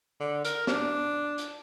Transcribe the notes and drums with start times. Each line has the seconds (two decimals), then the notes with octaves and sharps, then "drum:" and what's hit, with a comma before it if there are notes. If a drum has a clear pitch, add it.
0.20 D3
0.45 A#4, drum: hi-hat
0.67 D4, drum: snare
1.38 drum: hi-hat